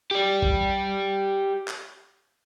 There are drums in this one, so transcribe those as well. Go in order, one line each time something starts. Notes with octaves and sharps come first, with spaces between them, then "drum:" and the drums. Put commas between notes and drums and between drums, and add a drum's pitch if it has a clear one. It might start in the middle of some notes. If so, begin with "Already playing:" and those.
G4 D5
drum: kick A1
drum: clap